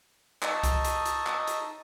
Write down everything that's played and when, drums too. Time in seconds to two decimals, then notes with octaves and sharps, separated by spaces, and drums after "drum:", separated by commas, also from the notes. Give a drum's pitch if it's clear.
0.42 D#4 D#5 A5 C#6 D#6 E6, drum: clap
0.63 drum: kick C2, hi-hat
0.84 drum: hi-hat
1.05 drum: hi-hat
1.26 drum: clap
1.47 drum: hi-hat